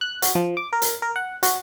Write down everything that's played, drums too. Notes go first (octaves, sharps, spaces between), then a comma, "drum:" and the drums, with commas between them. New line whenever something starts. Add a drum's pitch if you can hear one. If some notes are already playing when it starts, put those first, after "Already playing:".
F#6
F#4, drum: hi-hat
F3
D6
A#4
drum: hi-hat
A#4
F#5
F#4, drum: hi-hat